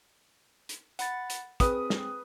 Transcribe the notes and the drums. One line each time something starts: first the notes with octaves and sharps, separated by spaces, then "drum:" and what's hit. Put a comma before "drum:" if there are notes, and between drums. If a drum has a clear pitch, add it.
drum: hi-hat
F#5 B5 A6, drum: hi-hat
drum: hi-hat
C4 G#4 B4 D#6, drum: kick, hi-hat
drum: snare